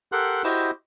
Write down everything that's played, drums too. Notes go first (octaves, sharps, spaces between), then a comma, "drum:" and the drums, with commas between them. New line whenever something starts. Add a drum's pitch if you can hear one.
G4 A4 A#4 F#5 C6 F#6
E4 F#4 G4 C5 D#5, drum: open hi-hat